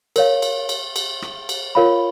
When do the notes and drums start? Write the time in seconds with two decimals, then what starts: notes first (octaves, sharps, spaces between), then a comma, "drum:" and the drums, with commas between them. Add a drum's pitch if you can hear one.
0.16 A#4 C#5 F5, drum: cymbal
0.42 drum: cymbal
0.69 drum: cymbal
0.96 drum: cymbal
1.22 drum: rim click
1.49 drum: cymbal
1.75 F4 A#4 C#5 F5 B5